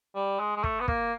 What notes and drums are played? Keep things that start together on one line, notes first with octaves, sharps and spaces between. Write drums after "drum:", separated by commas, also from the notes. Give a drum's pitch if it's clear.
G3
G#3
G#3
A3, drum: kick
B3
A#3, drum: kick